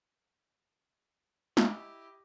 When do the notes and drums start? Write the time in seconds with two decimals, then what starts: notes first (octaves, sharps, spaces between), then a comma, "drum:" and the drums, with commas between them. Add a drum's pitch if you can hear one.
1.57 E4 G4 D#5, drum: snare